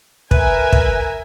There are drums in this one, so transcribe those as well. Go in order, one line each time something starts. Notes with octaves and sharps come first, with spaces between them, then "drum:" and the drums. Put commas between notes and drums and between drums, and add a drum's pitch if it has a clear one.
A#4 B4 E5 G#5, drum: kick
drum: kick